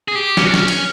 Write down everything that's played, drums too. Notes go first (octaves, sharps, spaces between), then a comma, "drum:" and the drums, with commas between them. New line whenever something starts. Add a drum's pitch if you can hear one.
G#4
G4
C#4, drum: snare
D4
C#4, drum: snare
drum: cymbal